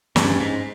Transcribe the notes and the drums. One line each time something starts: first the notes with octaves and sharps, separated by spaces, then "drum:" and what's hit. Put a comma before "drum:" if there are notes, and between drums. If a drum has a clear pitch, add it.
G2 C#4, drum: snare
G#2